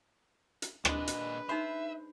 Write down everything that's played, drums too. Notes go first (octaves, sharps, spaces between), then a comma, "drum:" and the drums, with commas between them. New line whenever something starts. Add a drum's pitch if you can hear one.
drum: hi-hat
A#2 G#3 D4 B4 D#5, drum: rim click
drum: hi-hat
D#4 C5 E5 B5